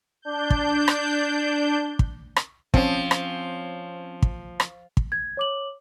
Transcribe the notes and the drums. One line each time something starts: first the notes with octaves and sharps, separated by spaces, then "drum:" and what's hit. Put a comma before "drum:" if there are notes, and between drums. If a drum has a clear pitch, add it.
D4 G6
drum: kick
drum: rim click
drum: kick
drum: rim click
F3 C4 C#4, drum: kick
drum: rim click
drum: kick
drum: rim click
drum: kick
G#6
C#5 D6 F#7